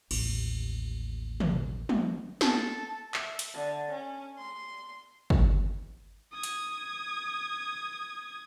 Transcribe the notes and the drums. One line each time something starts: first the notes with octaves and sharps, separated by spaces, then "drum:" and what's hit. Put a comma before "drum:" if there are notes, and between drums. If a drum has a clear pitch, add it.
A1 D#2, drum: cymbal
drum: tom
drum: tom
A4, drum: snare
E5, drum: clap
drum: hi-hat
D3
C#4
C6
drum: kick
D#6 G#6
drum: hi-hat